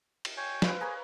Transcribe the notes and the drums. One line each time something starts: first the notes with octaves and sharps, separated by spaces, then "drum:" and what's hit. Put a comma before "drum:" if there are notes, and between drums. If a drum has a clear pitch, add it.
drum: cymbal
C#5 G5 G#5
B4 C5 F5, drum: snare
G#4 A#4 B4 C#5 G#5